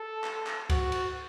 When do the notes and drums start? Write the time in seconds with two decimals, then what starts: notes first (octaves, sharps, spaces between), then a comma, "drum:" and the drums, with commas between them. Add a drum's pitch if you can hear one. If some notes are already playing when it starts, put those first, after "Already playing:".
Already playing: A4
0.24 drum: clap
0.47 drum: clap
0.70 F#4, drum: kick C#2, cymbal
0.92 drum: cymbal